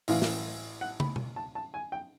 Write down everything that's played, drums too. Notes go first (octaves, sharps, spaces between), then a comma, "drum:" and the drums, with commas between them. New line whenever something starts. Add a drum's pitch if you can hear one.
A1 A2 E3 F5, drum: open hi-hat
drum: snare
F#5
B5, drum: tom
drum: tom B2
A5
A5
G#5
G5